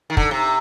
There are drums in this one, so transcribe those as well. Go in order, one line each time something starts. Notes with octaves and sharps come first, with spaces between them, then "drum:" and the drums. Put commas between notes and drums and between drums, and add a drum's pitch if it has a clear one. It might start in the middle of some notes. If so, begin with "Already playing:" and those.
D#3
D3, drum: kick
C3